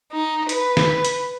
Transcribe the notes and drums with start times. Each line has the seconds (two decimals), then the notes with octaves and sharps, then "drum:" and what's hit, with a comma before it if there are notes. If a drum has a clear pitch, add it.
0.12 D#4
0.49 B4, drum: hi-hat
0.77 drum: snare
1.05 drum: hi-hat